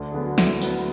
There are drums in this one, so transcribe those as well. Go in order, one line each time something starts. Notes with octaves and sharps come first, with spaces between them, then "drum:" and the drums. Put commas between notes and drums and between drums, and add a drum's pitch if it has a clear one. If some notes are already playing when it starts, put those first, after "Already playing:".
Already playing: D2 D4
D3 F#3 B3 G#4
F#4
D2 E4, drum: snare
D3 F#3 B3, drum: tambourine